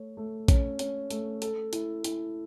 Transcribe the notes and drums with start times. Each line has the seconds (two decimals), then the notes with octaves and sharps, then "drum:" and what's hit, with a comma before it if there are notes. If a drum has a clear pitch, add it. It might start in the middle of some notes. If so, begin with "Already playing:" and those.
Already playing: A3 C#5
0.17 A3
0.48 C#4, drum: kick A#1, hi-hat
0.79 C#4, drum: hi-hat
1.11 A3, drum: hi-hat
1.42 A4, drum: hi-hat
1.73 E4, drum: hi-hat
2.04 E4, drum: hi-hat